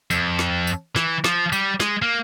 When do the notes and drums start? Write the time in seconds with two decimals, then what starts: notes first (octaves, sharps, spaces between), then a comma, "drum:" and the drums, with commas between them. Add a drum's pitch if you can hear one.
0.11 F2, drum: tambourine
0.39 drum: snare
0.67 drum: tambourine
0.96 E3, drum: snare
1.24 F3, drum: snare
1.52 G3, drum: tambourine
1.80 G#3, drum: snare
2.02 A#3